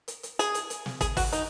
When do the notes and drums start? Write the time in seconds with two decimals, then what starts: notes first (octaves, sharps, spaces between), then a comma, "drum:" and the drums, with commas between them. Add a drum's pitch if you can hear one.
0.08 drum: hi-hat
0.23 drum: hi-hat
0.39 G#4, drum: hi-hat
0.54 drum: hi-hat
0.70 drum: hi-hat
0.86 drum: snare
1.01 G#4, drum: kick, hi-hat
1.17 F#4, drum: kick, open hi-hat
1.33 D#4, drum: hi-hat